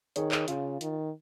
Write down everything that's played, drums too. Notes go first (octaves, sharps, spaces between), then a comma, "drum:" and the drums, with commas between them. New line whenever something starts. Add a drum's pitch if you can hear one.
D#3 G#4 C#5, drum: hi-hat
G#4 C#5, drum: clap
C#3 F4, drum: hi-hat
D#3, drum: hi-hat